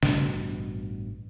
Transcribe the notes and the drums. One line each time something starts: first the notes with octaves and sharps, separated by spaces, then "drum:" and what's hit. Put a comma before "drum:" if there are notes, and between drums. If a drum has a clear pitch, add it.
A1 G2 B2, drum: snare